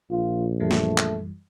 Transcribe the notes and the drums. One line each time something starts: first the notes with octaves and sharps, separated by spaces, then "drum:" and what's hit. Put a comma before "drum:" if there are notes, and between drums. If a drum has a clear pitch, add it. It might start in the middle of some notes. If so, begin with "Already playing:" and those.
A#1 F4
F#2 E3 G3 A3
drum: snare
drum: clap